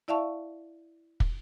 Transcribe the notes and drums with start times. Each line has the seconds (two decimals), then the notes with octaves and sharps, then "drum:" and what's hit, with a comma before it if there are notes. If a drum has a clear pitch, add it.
0.08 E4 D5 E5 F5 A5 C#6
1.20 drum: kick